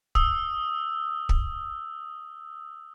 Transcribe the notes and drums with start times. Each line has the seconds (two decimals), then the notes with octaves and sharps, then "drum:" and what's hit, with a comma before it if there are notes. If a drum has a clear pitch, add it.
0.15 D#6 E6, drum: kick
1.29 drum: kick